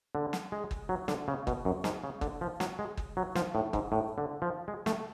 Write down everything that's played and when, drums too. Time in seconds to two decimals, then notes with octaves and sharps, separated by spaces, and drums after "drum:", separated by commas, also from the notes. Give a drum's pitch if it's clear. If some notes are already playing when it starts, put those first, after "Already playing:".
0.15 D3
0.33 drum: snare
0.52 G#3
0.71 drum: kick G1
0.89 F#3
1.08 D3, drum: snare
1.28 C#3
1.47 B2, drum: kick G1
1.65 F#2
1.84 G#2, drum: snare
2.04 C#3
2.21 D3, drum: kick G1
2.41 F3
2.60 F#3, drum: snare
2.79 G#3
2.97 drum: kick G1
3.17 F#3
3.35 F3, drum: snare
3.55 A2
3.73 G#2, drum: kick G1
3.92 A2
4.18 D3
4.42 F3
4.68 G#3
4.86 A3, drum: snare